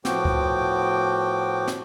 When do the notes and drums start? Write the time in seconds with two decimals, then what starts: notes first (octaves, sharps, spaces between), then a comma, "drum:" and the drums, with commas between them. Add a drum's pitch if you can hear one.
0.05 A2 F3 B3 F#4 G5 D6, drum: snare
0.25 drum: kick C#2
1.67 drum: snare